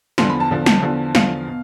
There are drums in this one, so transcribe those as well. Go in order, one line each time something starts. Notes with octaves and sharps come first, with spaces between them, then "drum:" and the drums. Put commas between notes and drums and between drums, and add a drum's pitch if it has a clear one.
E2 D3 F3 C6, drum: snare
B5
A5
E2 D3 F3
drum: snare
E2 D3 F3
E2 D3 F3 F5, drum: snare
B2